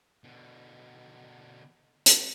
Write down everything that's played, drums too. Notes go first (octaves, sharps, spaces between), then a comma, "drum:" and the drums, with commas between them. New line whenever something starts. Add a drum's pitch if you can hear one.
B2 D3
drum: hi-hat